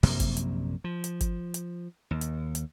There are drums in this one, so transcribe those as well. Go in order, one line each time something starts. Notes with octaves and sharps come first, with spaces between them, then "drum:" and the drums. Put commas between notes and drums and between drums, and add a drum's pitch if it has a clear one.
A#1 F#2 C3 A#3, drum: open hi-hat
drum: kick G#1, hi-hat
drum: hi-hat
F3
drum: hi-hat
drum: kick G#1, hi-hat
drum: hi-hat
D#2
drum: hi-hat
drum: hi-hat